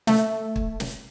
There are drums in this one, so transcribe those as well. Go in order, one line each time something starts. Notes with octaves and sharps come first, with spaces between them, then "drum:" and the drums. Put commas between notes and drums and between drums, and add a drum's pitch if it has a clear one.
A3, drum: snare
drum: kick
drum: snare